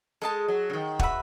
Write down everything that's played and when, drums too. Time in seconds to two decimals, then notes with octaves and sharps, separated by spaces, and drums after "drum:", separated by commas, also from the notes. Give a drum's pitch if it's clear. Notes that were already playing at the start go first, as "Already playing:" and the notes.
0.22 G#3 A4 D#5 A5
0.48 F#3
0.70 C#3
0.73 D#3
0.99 F#4 B4 E5 B5, drum: kick